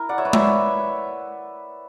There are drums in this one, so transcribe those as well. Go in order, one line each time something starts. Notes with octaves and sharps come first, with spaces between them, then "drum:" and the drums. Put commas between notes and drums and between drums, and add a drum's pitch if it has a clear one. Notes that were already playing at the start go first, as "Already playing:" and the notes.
Already playing: E4 A#4
D5 F#5
C#5 E5
B4 D5
C#5 E5, drum: tom G#3